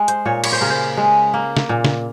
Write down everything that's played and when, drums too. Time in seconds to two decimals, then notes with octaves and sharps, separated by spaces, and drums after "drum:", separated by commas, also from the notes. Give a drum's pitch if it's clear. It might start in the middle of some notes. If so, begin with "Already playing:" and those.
Already playing: G#3
0.08 C5, drum: hi-hat
0.26 A#2 C#5
0.44 C#5, drum: cymbal
0.52 C5
0.61 C#3 A#4
0.70 C5
0.97 G#3
1.34 A#3
1.57 drum: snare
1.69 A#2
1.84 drum: snare